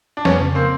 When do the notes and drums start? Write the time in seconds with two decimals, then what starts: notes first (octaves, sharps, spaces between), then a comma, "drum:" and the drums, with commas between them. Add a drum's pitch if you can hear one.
0.17 D4
0.25 F2 B3 C#4, drum: snare
0.40 C#3
0.55 A#3 C4